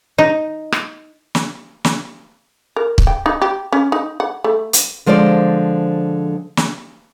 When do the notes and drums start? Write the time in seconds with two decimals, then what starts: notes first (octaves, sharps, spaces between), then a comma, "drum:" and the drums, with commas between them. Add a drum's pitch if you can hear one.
0.18 D#4
0.72 drum: rim click
1.35 drum: snare
1.85 drum: snare
2.76 A#4
2.98 drum: kick
3.07 G5
3.26 D#4
3.42 G4
3.72 C#4
3.92 D#4
4.20 F#5
4.44 A3
4.73 drum: hi-hat
5.06 D3 F3 G#3 C5 D5
6.57 drum: snare